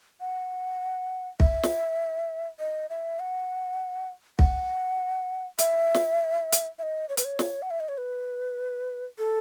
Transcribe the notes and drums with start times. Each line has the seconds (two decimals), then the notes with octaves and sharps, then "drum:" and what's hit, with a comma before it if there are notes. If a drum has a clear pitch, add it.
0.21 F#5
1.40 E5, drum: kick
1.63 drum: snare
2.59 D#5
2.90 E5
3.20 F#5
4.39 F#5, drum: kick
5.59 E5, drum: hi-hat
5.94 drum: snare
6.52 drum: hi-hat
6.79 E5
6.83 D#5
7.09 C#5
7.17 B4, drum: hi-hat
7.25 C#5
7.39 drum: snare
7.62 F#5
7.71 E5
7.80 D#5
7.89 C#5
7.98 B4
9.19 A4